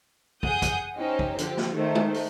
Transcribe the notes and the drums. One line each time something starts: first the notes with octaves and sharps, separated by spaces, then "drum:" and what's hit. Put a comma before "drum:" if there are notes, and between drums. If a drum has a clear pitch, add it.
G#4 F#5 D#6 G6, drum: kick
drum: kick, hi-hat
C#4 D#4 G4 C5
drum: kick
D3 F3 G4, drum: hi-hat
drum: snare
D#3 A3 C5
drum: tom G#3
drum: open hi-hat